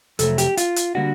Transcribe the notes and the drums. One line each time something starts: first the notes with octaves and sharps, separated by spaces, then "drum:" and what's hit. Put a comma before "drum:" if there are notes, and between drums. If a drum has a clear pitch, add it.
F2 C3 F#3 A3 A4, drum: hi-hat
G4, drum: hi-hat
F4, drum: hi-hat
drum: hi-hat
D3 G3 A#3 D4 F#4